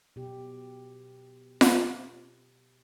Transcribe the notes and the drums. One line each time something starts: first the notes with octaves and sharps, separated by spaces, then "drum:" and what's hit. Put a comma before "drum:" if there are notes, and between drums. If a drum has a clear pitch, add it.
B2 G4
drum: snare F4